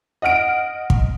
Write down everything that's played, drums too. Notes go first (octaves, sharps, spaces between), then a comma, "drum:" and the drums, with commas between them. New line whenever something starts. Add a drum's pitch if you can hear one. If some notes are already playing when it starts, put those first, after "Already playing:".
D#5 F#5 F6 D7
drum: kick